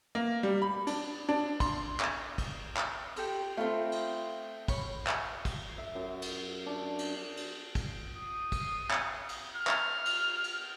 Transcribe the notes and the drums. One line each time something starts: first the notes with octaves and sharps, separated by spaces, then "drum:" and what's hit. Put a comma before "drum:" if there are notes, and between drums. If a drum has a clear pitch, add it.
A#3
G3
B5
D4, drum: cymbal
D4
C6, drum: kick, cymbal
drum: clap
drum: kick, cymbal
drum: clap
G4 A4 C5, drum: cymbal
A3 C4 F4 B5 C6
drum: cymbal
C#5 B5, drum: kick, cymbal
drum: clap
drum: kick, cymbal
E5
F#2
drum: cymbal
D4
drum: cymbal
drum: cymbal
drum: kick, cymbal
D#6
drum: kick, cymbal
drum: clap
drum: cymbal
F6
drum: clap
drum: cymbal
drum: cymbal